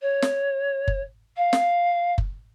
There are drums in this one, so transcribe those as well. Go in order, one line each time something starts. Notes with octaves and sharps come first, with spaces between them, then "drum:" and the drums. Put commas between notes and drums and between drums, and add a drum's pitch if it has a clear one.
C#5
drum: snare
drum: kick F#1
F5
drum: snare
drum: kick F#1